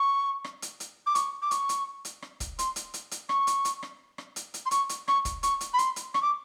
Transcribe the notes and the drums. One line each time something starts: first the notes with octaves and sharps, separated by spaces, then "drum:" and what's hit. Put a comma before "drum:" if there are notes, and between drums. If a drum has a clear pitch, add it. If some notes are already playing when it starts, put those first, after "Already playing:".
Already playing: C#6
drum: rim click
drum: hi-hat
drum: hi-hat
D6
C#6, drum: hi-hat
D6
C#6, drum: hi-hat
drum: hi-hat
drum: hi-hat
drum: rim click
drum: kick, hi-hat
C6, drum: hi-hat
drum: hi-hat
drum: hi-hat
drum: hi-hat
C#6, drum: rim click
drum: hi-hat
drum: hi-hat
drum: rim click
drum: rim click
drum: hi-hat
drum: hi-hat
C6
C#6, drum: hi-hat
drum: hi-hat
C#6, drum: rim click
drum: kick, hi-hat
C#6, drum: hi-hat
drum: hi-hat
B5
C6, drum: hi-hat
drum: hi-hat
C#6, drum: rim click
D6